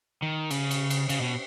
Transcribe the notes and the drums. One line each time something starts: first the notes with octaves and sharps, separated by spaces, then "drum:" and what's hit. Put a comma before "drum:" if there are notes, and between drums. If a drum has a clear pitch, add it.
D#3
C#3, drum: cymbal
drum: cymbal
drum: cymbal
C#3, drum: cymbal
B2